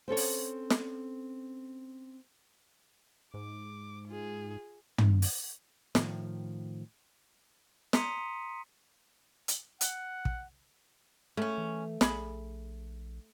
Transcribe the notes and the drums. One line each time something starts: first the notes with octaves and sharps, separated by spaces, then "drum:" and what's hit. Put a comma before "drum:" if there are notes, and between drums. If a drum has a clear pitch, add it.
C4 C#4 A4 C#5
drum: open hi-hat
drum: snare
G#2 D6
F4 G#4
drum: tom
drum: open hi-hat
A2 D#3 F3, drum: snare
A#5 C6 D#6 B6 C#7 D#7, drum: snare
drum: hi-hat
F#5, drum: hi-hat
drum: kick
C#3 A3 C#4
E3
A#1 G#4 B5, drum: snare